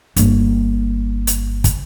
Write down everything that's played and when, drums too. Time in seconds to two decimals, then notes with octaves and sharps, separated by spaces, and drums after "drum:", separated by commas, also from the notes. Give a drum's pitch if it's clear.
0.16 G1 A#3, drum: hi-hat
1.27 drum: hi-hat
1.64 drum: kick, hi-hat